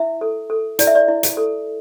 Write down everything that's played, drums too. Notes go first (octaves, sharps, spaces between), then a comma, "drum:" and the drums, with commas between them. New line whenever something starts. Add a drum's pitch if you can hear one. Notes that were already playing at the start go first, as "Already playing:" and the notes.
Already playing: E4 E5
A4
A4
E4 D5, drum: hi-hat
E5
D5
E4
drum: hi-hat
A4